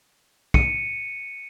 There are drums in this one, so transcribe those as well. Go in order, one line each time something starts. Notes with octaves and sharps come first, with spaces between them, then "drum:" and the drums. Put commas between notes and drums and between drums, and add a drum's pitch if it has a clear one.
C#7 D#7, drum: kick